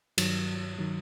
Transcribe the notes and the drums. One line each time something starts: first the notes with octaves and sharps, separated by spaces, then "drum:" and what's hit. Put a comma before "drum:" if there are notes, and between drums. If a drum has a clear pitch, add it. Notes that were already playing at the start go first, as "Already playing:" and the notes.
G2 D#3 F#3, drum: cymbal
D#3 F#3